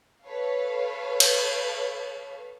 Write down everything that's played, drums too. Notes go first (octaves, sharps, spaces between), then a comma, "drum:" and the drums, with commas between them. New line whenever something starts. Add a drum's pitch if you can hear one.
A4 B4 C#5 F5
drum: cymbal